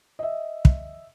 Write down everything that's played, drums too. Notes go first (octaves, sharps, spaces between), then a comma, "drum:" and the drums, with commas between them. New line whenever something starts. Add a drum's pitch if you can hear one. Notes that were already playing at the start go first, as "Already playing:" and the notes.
D#5 E5
drum: kick